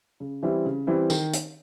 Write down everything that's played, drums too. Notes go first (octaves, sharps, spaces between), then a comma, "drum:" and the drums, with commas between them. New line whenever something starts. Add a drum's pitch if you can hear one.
C#3
E3 G3 C4 E4
C#3
E3 G3 C4 E4
D#3, drum: tambourine
drum: hi-hat